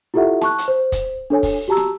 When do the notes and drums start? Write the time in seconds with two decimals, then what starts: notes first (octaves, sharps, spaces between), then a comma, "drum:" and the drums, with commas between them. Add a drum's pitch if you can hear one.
0.14 E4 F4 G4 A4 E5 F#5
0.41 A5 C#6 F#6, drum: snare
0.58 drum: hi-hat
0.68 C5
0.92 drum: kick, hi-hat
1.30 D4 A4 C#5 G#5
1.43 drum: kick, open hi-hat
1.68 F#4 G4 A5 A#5 E6
1.77 drum: snare